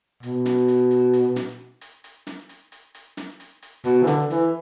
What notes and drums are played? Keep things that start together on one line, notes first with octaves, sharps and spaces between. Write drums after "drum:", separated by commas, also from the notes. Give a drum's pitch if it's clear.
B2, drum: hi-hat
drum: snare
drum: hi-hat
drum: hi-hat
drum: hi-hat
drum: snare
drum: hi-hat
drum: hi-hat
drum: snare
drum: hi-hat
drum: hi-hat
drum: hi-hat
drum: snare
drum: hi-hat
drum: hi-hat
B2, drum: hi-hat
E3
D3, drum: snare
E3, drum: hi-hat